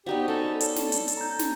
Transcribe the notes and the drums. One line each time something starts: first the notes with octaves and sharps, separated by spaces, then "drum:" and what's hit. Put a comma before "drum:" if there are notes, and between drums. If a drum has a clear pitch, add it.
B3 D#4 F#4 G4 C5 D5
C#4 D#4 A4
A4 D5, drum: hi-hat
drum: snare
drum: hi-hat
drum: hi-hat
A#5 G6
drum: snare